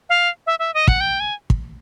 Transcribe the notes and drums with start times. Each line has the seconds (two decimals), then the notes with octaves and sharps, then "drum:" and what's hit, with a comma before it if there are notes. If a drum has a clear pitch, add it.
0.09 F5
0.46 E5
0.59 E5
0.74 D#5
0.88 F#5, drum: kick
1.00 G5
1.20 G#5
1.50 drum: kick